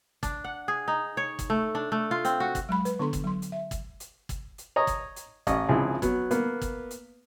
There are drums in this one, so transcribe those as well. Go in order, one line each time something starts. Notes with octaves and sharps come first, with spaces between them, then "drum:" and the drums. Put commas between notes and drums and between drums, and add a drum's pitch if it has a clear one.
D4, drum: kick, hi-hat
F#5
G#4
D#4
C#5
drum: kick, hi-hat
A3
D4
A3
F4
C4, drum: hi-hat
F#4
drum: kick, hi-hat
F#3 G#3 B5
B4, drum: hi-hat
D3 B3 D4 A4 C6
drum: kick, hi-hat
F#3 C6
drum: hi-hat
E5
drum: kick, hi-hat
drum: hi-hat
drum: kick, hi-hat
drum: hi-hat
C#5 D#5 A#5 D#6
drum: kick, hi-hat
drum: hi-hat
A1 D#5 C#6, drum: kick, hi-hat
G#1 C#2 F3 E4 G#4
F#3 B3, drum: kick, hi-hat
A#3 B3, drum: hi-hat
drum: kick, hi-hat
drum: hi-hat